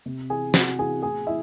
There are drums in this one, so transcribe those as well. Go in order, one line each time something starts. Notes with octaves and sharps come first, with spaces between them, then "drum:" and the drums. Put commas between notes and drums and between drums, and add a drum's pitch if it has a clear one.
C3
E3 G#4 G#5
C3 F#4 F#5, drum: snare
E3 G#4 G#5
A2 G#4 G#5
E3 E4 E5